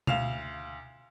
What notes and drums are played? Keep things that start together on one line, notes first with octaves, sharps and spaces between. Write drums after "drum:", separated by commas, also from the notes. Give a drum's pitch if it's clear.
D2 F5 E7 F7, drum: tom B2